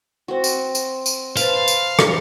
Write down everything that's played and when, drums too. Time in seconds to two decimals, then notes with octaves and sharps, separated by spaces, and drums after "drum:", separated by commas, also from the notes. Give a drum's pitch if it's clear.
0.28 C4 F#4
0.44 drum: tambourine
0.75 drum: tambourine
1.06 drum: tambourine
1.37 B4 C5 F5 A5, drum: tambourine
1.68 drum: tambourine
1.99 drum: rim click